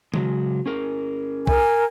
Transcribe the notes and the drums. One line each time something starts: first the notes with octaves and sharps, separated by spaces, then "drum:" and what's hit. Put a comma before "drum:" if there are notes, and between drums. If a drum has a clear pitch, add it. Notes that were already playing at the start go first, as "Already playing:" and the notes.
C#3 F#3 G#3, drum: tom D#3
C#4 G#4 A#4
A#4 G#5, drum: kick B1